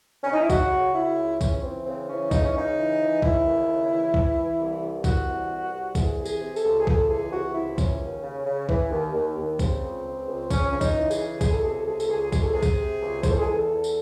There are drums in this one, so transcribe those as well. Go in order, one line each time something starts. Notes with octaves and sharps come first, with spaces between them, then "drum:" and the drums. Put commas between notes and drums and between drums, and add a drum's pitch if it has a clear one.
C#4
D#4
E4
C#3 F#4, drum: kick B1, tambourine
C#3
C#3 E4
C#2
E3 C#4, drum: kick B1, tambourine
E3 C4
C#3 C4
E3 C#4
C#3 D#4, drum: kick B1, tambourine
C#4
C#3 D#4
E3
E3
C#3 E4, drum: kick B1
D#2
C#3
E3
E3, drum: kick B1
E3
C2
C3
E3 F#4, drum: kick B1, tambourine
C2
C3
C2
E3 G#4, drum: kick B1, tambourine
C3
G#4, drum: tambourine
C3
A4, drum: tambourine
C#2
G#4
C#2 A4, drum: kick B1
E3 G#4
C3 F#4
C#2 E4
C4
E3 C#4, drum: kick B1, tambourine
D#2
C#3
C#3
E3, drum: kick B1
D#2
D#2
D#2
C#3 C4, drum: kick B1, tambourine
C#2
C#2
C#2
C#2 C#4, drum: kick B1, tambourine
C#3 C#4
D#4, drum: kick B1, tambourine
E3
G#4, drum: tambourine
C#3
C#2 G#4, drum: kick B1, tambourine
A4
C3 G#4
A4
C#2 G#4
A4, drum: tambourine
C#2 G#4
C3 G#4, drum: kick B1, tambourine
A4
C3 G#4
drum: kick B1, tambourine
C3
C#2
E2 C5, drum: kick B1, tambourine
A4
G#4
E2 A4
E2
drum: tambourine